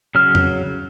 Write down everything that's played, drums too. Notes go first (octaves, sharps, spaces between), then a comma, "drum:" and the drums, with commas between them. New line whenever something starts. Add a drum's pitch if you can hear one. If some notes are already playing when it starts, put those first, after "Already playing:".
C#3 F#3 F6
drum: tom F2